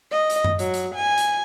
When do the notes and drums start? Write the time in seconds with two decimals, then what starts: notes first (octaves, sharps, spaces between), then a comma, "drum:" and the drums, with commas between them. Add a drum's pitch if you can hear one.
0.11 D#5
0.30 drum: hi-hat
0.44 drum: tom F#2
0.59 F#3, drum: hi-hat
0.74 drum: hi-hat
0.95 G#5
1.18 drum: hi-hat